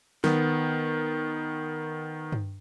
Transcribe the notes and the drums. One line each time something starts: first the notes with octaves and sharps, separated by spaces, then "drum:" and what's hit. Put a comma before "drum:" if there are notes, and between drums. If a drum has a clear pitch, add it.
D#3 B3, drum: snare
drum: tom G2